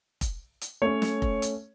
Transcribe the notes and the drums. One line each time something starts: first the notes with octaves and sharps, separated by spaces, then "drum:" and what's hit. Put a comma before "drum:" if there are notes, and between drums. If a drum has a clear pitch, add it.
drum: kick F1, hi-hat
drum: hi-hat
A3 C#4 C#5
drum: snare
drum: kick F1
drum: hi-hat